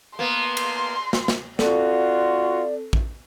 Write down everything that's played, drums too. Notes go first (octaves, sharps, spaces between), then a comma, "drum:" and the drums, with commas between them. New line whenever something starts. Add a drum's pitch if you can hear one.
A#3 B3 C6
drum: cymbal
drum: snare
drum: snare
C4 F4 F#4 A4 D5, drum: snare
drum: kick